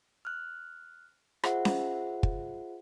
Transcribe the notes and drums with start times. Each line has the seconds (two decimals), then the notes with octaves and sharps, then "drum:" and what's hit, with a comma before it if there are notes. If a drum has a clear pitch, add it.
0.25 F6 F#6
1.44 F4 G#4 C5 E5 F#5, drum: rim click
1.65 drum: snare C#4
2.23 drum: kick